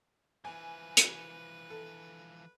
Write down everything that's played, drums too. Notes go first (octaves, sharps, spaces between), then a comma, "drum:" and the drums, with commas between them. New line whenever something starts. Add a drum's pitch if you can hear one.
E3 F3 B4 G#5
drum: hi-hat
A4